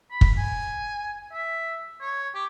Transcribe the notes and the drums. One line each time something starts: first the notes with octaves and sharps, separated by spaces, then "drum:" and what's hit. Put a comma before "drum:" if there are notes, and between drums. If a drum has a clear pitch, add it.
B5
drum: kick
G#5
E5
C#5
G4